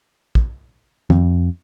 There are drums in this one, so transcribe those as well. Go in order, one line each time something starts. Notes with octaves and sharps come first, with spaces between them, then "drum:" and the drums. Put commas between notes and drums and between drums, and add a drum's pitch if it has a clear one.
drum: kick
F2, drum: tom